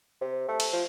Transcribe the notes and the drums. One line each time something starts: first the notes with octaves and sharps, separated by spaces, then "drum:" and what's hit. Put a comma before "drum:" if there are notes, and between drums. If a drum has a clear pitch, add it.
C3
A3
drum: cymbal
F3